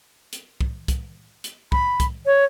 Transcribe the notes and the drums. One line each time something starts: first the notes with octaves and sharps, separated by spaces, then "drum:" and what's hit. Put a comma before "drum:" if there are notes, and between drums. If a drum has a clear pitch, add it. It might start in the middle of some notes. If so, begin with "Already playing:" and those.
drum: hi-hat
drum: kick C2
drum: kick C2, hi-hat
drum: hi-hat
B5, drum: kick C2
drum: kick C2, hi-hat
C#5